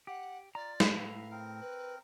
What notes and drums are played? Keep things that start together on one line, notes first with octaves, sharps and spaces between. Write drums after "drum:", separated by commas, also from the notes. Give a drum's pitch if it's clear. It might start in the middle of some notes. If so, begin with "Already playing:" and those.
G4 F#5
F4 D5 A#5
A2 B4, drum: snare
E5 F5 A#5
C4 A#4
B4